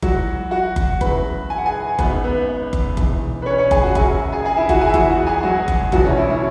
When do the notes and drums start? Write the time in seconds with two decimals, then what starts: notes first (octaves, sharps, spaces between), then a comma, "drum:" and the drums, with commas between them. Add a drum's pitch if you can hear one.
0.02 E2 E3 F#3 F#4, drum: kick F#1
0.51 F#4 F#5
0.76 drum: kick F#1
1.01 F#1 E2 C#3 F#3 B4 B5, drum: kick F#1
1.50 G#5
1.58 F#5
1.66 G#4 G#5
1.99 G#1 F#2 F#3 B3 B4, drum: kick F#1
2.24 B3 B4
2.73 drum: kick F#1
2.97 E1 E2 E3, drum: kick F#1
3.42 B4
3.46 C#4 C#5
3.58 C#4 C#5
3.71 G#4 G#5, drum: kick F#1
3.83 F#4 F#5
3.95 F#1 F#2 F#3 G#4 G#5, drum: kick F#1
4.32 G#4 G#5
4.45 G#4 G#5
4.57 E4 E5
4.69 F#4 F#5, drum: kick F#1
4.81 G#4 G#5
4.89 E5
4.94 E2 E3 F#4 F#5, drum: kick F#1
5.10 F#4 F#5
5.26 G#4 G#5
5.43 F#3 F#4
5.68 drum: kick F#1
5.92 F#1 E2 B2 F#3 F#4, drum: kick F#1
6.05 C#4
6.18 E4
6.30 C#4